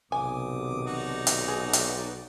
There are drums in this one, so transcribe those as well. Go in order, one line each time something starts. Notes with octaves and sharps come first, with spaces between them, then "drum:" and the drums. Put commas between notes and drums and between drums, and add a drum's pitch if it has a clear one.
B1 C3 D#3 G#5 D6 D#6
D#4 F#4 D5
drum: hi-hat
G#4
drum: hi-hat